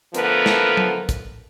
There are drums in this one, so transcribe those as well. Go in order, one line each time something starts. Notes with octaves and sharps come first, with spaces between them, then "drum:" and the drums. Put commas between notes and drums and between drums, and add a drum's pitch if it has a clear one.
D3 F3 A3 B3 A#4 B4, drum: hi-hat
drum: snare
drum: tom F#3
drum: kick, hi-hat